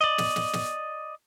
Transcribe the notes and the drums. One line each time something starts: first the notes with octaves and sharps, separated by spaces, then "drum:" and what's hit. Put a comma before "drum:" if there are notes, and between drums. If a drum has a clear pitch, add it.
D5 D#5
drum: snare
drum: snare
drum: snare